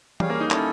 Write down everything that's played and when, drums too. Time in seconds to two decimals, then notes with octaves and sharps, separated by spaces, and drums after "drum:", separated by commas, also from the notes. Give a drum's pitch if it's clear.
0.20 G3 G#4 C#5 F5, drum: tom E3
0.30 A#3
0.40 D#4
0.51 C#4 E4 A4 C#5, drum: clap